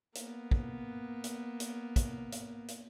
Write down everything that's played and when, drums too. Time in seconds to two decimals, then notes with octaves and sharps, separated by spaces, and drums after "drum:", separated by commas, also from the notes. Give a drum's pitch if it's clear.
0.15 A#3 B3, drum: hi-hat
0.51 drum: kick
1.24 drum: hi-hat
1.60 drum: hi-hat
1.96 drum: kick, hi-hat
2.32 drum: hi-hat
2.68 drum: hi-hat